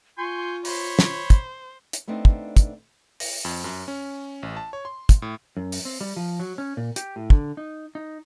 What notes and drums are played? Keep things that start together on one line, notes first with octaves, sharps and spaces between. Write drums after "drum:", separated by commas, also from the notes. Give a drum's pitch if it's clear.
F4 G#5 C6 C#6 G6
C5 C#5 B5, drum: open hi-hat
drum: snare
drum: kick, hi-hat
drum: hi-hat
A3 B3 C4 D4 D#4
drum: kick
drum: kick, hi-hat
A#6, drum: open hi-hat
F2
F#2
C#4
A1
A5
C#5
C6
drum: kick, hi-hat
A2
F#2
drum: open hi-hat
C4
G3
F3
F#3
C#4
A#2
G4, drum: hi-hat
A2
D3, drum: kick
D#4
D#4